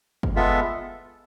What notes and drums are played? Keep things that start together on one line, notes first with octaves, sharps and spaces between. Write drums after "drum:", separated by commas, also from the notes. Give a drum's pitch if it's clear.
drum: kick
G#3 B3 F4 A4 E5